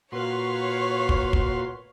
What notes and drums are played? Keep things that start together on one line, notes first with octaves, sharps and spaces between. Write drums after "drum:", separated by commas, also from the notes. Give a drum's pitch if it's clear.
A#2 F#4 B4 C#5 F5 C6 C#6
drum: kick
drum: kick